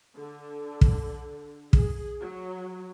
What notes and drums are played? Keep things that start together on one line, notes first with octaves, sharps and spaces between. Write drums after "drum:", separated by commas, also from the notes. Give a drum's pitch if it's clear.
D3
drum: kick
G#4, drum: kick
F#3